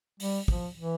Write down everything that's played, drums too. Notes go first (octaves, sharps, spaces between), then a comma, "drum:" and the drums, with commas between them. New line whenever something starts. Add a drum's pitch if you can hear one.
G3, drum: open hi-hat
F3, drum: kick
E3